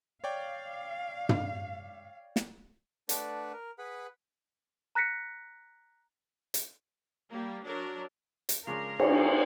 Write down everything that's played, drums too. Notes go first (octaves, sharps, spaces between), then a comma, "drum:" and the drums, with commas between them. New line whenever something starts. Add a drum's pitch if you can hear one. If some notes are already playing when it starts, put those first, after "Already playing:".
C#5 D5 F5 G5
drum: tom
drum: snare
A3 D4 B4 D5 F#5, drum: hi-hat
A#4
G#4 B4 F#5 B5
A#5 F#6 A#6 B6 C#7
drum: hi-hat
G3 A#3
F#3 D4 A#4
drum: hi-hat
C#3 F3 G#3 C#4 D4 A#4 F5
drum: cymbal